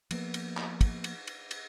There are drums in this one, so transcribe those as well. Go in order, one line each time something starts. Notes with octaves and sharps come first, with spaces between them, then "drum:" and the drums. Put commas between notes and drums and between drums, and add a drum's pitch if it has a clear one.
F3 A#3 B3, drum: cymbal
drum: cymbal
drum: clap
drum: kick, cymbal
drum: cymbal
drum: cymbal
drum: cymbal